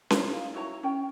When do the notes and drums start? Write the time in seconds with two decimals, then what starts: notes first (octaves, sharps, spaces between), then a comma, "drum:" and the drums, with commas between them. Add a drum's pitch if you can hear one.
0.10 E4, drum: snare C#4
0.29 D#4 F5
0.54 E4 F#4 C#5 A#5
0.83 C#4 G5